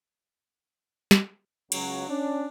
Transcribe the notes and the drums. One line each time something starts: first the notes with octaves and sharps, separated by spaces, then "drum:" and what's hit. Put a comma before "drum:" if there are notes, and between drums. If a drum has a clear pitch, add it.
drum: snare
C#2 C#3 F#3, drum: cymbal
C#4 D4